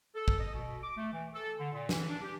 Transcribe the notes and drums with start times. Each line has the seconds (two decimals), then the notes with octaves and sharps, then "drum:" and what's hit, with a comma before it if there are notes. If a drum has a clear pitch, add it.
0.15 A4
0.28 drum: kick
0.38 D#5
0.53 B2
0.82 D6
0.96 A3
1.12 E3
1.34 A4
1.58 D3
1.72 A#2
1.89 E3, drum: snare
2.07 D4
2.22 G4